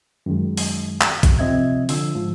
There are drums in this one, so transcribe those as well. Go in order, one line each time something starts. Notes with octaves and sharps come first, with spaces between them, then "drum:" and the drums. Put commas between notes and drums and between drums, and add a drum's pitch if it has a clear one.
F#2 D#3 G#3
drum: open hi-hat
drum: clap
drum: kick, hi-hat
C3 F3 C4 D#5 E5 G#6
D3 F3 E6, drum: open hi-hat
G#2 F3